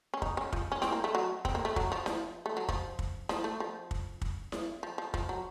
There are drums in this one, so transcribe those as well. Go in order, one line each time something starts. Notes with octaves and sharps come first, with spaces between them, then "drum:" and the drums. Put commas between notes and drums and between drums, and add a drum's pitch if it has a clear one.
C#4
D#4, drum: kick
C#4
F3, drum: kick
C#4
C4, drum: snare E4
A#3
A3
F#3
C4, drum: kick
A#3
A3
F#3, drum: kick
F3
F3, drum: snare E4
A3
F#3
F3, drum: kick
drum: kick
F3, drum: snare E4
A3
F3
drum: kick
drum: kick
drum: snare E4
F3
F3
F3, drum: kick
F#3